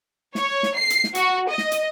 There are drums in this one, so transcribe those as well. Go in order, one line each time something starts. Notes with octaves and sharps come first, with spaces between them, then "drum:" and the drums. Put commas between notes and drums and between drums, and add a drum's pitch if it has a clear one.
C#5, drum: snare
drum: snare
C7
drum: hi-hat
drum: snare
F#4, drum: hi-hat
D#5
drum: snare
drum: hi-hat